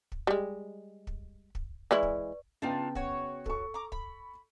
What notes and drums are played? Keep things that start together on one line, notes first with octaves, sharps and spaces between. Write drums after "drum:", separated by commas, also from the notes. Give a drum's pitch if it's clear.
drum: kick
G3 G#3
drum: kick
drum: kick
E3 G#3 E4 B4 D5 C#6
drum: kick
C#3 B3 D4 D#4 F4 G5
F#4 C#5, drum: kick
A4 C#6, drum: kick
A#5 D6
B5, drum: kick